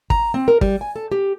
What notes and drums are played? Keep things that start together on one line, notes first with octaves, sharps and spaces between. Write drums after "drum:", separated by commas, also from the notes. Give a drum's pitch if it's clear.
A#5, drum: kick
C4
A#4
G3, drum: kick
G#5
A4
G4